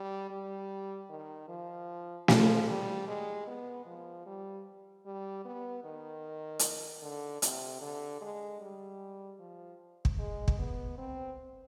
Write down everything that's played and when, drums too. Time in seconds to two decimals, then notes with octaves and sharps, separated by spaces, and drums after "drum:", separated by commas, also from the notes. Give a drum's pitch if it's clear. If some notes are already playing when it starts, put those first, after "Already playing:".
Already playing: G3
0.31 G3
1.09 D#3
1.49 F3
2.28 F3, drum: snare
2.68 G3
3.07 G#3
3.47 B3
3.86 F3
4.26 G3
5.06 G3
5.45 B3
5.84 D#3
6.59 drum: hi-hat
7.02 D3
7.42 C3, drum: hi-hat
7.81 D3
8.21 G#3
8.61 G3
9.39 F3
10.05 drum: kick
10.19 G#3
10.48 drum: kick
10.59 B3
10.98 C4